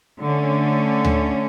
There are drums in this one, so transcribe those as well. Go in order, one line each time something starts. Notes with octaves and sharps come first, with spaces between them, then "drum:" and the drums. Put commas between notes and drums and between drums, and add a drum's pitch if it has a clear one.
D3 A3 C#4
drum: tom D2